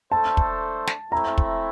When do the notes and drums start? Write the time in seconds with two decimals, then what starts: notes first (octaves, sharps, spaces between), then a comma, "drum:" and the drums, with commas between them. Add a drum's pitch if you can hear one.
0.12 A3 D4 A4 C5 A5
0.37 drum: kick
0.87 drum: snare
1.12 A3 C4 E4 A#5
1.38 drum: kick